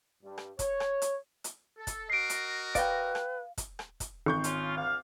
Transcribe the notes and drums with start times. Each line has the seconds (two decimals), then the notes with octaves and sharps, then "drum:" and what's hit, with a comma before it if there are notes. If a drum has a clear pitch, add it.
0.23 G2
0.38 drum: rim click
0.59 C#5, drum: kick, hi-hat
0.80 drum: rim click
1.02 drum: hi-hat
1.44 drum: hi-hat
1.78 A4
1.87 drum: kick, hi-hat
2.10 F#4 A#4 D#5 C7 D7
2.30 drum: hi-hat
2.75 B4 D5 F5 G5, drum: kick, hi-hat
3.15 drum: rim click
3.58 drum: kick, hi-hat
3.79 drum: rim click
4.00 drum: kick, hi-hat
4.26 G#1 C#6 G6
4.44 C#4 F4, drum: hi-hat
4.77 D2 D5 F5